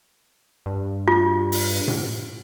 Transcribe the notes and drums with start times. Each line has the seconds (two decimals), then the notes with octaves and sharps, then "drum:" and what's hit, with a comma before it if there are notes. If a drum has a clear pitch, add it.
0.66 G2
1.08 F4
1.52 drum: open hi-hat
1.88 drum: tom A2